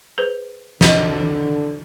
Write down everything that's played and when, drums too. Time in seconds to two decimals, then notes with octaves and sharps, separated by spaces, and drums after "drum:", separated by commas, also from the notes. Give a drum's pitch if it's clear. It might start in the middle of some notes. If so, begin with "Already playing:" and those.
0.18 G#4 B4 C5
0.81 D3 D4 D#5, drum: snare